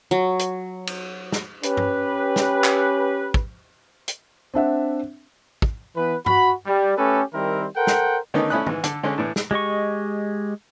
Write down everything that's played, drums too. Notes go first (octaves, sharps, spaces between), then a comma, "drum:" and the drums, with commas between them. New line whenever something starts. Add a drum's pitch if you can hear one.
F#3
drum: hi-hat
drum: cymbal
drum: snare
C#4 G4 B4, drum: hi-hat
drum: tom G2
drum: snare
drum: clap
drum: kick
drum: hi-hat
C4 D4 E5 F#5
drum: kick
E3 B3 B4
F#4 B5, drum: tom G2
G3
A3 C#4 G4 A4 B4
D#3 G3 C4 E4 A#4
A4 A#4 C5 F#5 G5
drum: snare
D3 D#3 A3 B3 C#4 D#4
A3 C#4 E4 B5 D#6 F#6
G#2 E3, drum: tom
D3 A4, drum: hi-hat
D3 G#3 C#4
A2 E3 D4
drum: snare
G#3 G4 D#5 C#6